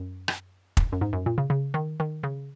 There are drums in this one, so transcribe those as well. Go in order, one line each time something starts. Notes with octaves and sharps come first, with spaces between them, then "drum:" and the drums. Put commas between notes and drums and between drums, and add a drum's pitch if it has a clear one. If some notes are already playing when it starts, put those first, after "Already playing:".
Already playing: F#2
drum: rim click
drum: kick
F#2
G#2
F#2
A#2
C#3
C#3
D#3
D#3
C#3